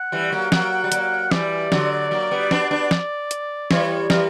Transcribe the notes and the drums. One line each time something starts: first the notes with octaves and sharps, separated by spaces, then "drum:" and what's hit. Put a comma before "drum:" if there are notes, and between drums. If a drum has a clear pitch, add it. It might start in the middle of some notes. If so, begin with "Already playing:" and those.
Already playing: F#5
E3 G3
F#3 A#3
F#3 A#3, drum: snare
G3
F#3 A#3, drum: hi-hat
E3 G3 D5, drum: snare
D3 F#3, drum: snare
F#3 A#3
G3 B3
B3 D4, drum: snare
B3 D4
drum: snare
drum: hi-hat
E3 G3 C#5, drum: snare
E3 G3 A#4, drum: snare